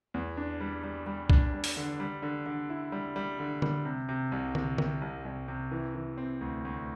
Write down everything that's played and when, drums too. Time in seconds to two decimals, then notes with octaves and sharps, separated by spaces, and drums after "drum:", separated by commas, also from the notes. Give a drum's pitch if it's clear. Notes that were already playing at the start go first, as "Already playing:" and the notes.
0.14 E2
0.37 D4
0.61 G3
0.84 G3
1.06 G3
1.30 D4, drum: kick C2
1.53 G3
1.64 drum: open hi-hat
1.77 D3
2.00 G3
2.22 D3
2.46 D3
2.69 E4
2.92 G3
3.16 G3
3.39 D3
3.62 G3, drum: tom D3
3.85 C3
4.09 C3
4.32 C2
4.55 C3, drum: tom D3
4.78 C3, drum: tom D3
5.01 C2
5.24 C2
5.48 C3
5.72 E3
5.95 E3
6.18 C4
6.41 D2
6.65 D2